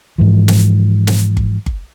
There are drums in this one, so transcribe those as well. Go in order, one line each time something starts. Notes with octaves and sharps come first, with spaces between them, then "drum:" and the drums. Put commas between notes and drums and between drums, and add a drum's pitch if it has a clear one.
G#2 E3 F3
drum: snare
drum: snare
drum: kick G1
drum: kick G1